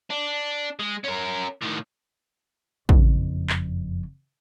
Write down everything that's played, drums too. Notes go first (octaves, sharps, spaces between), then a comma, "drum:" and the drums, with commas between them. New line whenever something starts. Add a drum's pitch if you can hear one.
D4
G#3
C#4 A#4
A2 D#3
F#1 F2, drum: kick
drum: clap